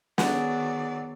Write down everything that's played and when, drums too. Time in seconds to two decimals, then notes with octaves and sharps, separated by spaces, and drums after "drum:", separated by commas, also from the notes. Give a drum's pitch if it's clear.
0.18 D#3 F#3 B3 G#4 D5 F#5, drum: snare